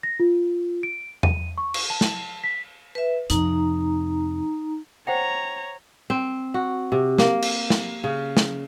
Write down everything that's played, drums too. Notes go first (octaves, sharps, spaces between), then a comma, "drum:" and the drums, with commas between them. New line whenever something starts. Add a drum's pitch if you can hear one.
A#6
F4
D7
D#7, drum: tom E2
C#6
drum: cymbal
A5
drum: snare
B6
B4 E5
F2 C3 D#4 A#5, drum: hi-hat
C5 C#5 F#5 G5 A#5
C4
F#4
C3
A#3, drum: snare
drum: cymbal
drum: snare
C#3
drum: snare